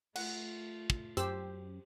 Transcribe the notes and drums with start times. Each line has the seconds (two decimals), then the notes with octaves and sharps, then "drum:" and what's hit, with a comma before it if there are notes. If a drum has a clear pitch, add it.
0.16 A3 F4 F#5, drum: cymbal
0.90 drum: kick
1.17 F#2 G4 C5 E6, drum: hi-hat